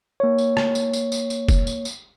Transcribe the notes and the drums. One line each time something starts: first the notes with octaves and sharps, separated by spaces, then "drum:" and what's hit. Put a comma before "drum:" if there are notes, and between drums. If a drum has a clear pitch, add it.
A#3 C#5
drum: tambourine
drum: rim click
drum: tambourine
drum: tambourine
drum: tambourine
drum: tambourine
drum: kick F1, tambourine
drum: tambourine
drum: tambourine